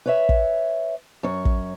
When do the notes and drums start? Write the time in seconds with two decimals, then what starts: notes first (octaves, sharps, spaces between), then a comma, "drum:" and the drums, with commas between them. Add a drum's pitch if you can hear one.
0.06 B4 C#5 E5
0.29 drum: kick
1.23 F#2 C#5
1.45 drum: kick